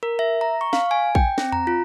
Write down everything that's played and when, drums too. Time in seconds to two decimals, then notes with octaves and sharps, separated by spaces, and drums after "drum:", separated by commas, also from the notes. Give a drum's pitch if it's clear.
0.03 A#4
0.19 E5
0.41 A#5
0.61 C#6
0.73 F5, drum: snare
0.91 G#5
1.15 G5, drum: kick A#1
1.38 C4, drum: snare
1.52 A#5, drum: tom E2
1.67 F4